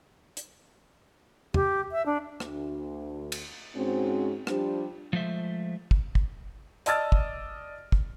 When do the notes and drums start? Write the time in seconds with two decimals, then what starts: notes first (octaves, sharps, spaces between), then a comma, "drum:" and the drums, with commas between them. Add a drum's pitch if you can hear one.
0.37 drum: hi-hat
1.54 G4, drum: tom
1.92 E5
2.06 D4
2.40 D2, drum: rim click
3.32 drum: cymbal
3.75 G#2 G#3 C4 C#4 F#4
4.47 F3 G3 D4 G4 C5, drum: rim click
5.13 F3 G#3 A3 C5 E5
5.91 drum: kick
6.15 drum: kick
6.86 D5 D#5 A5 E6 F6 A6, drum: hi-hat
7.12 drum: kick
7.92 drum: kick